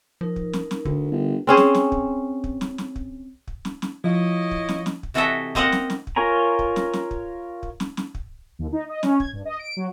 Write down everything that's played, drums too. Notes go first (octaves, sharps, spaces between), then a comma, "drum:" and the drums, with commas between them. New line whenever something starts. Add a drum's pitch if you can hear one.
F3 D#4 A#4
drum: kick
drum: snare
drum: snare
D2 D3, drum: kick
G1
C4 C#4 G#4 C5
drum: snare
drum: snare
drum: kick
drum: kick
drum: snare
drum: snare
drum: kick
drum: kick
drum: snare
drum: snare
F3 E4 C#5 D#5
drum: kick
drum: snare
drum: snare
drum: kick
C3 E3 F#4 A4 D#5 E5
A#3 C4 D#5 F5 F#5, drum: kick
drum: snare
drum: snare
drum: kick
F4 A#4 C#5 G#5 A#5
drum: kick
drum: snare
drum: snare
drum: kick
drum: kick
drum: snare
drum: snare
drum: kick
D#2
D#4
D#5
C#4, drum: snare
G#6, drum: kick
G2
D#5
D7
F#3